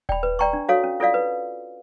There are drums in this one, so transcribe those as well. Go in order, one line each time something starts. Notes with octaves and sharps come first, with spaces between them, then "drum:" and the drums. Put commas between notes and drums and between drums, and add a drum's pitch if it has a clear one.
D5 G5 B5, drum: kick D#1
B4
D5 G5 A#5 C#6
D4
F#4 A4 C#5 F5
C#4
F4 A4 D5 F5
B4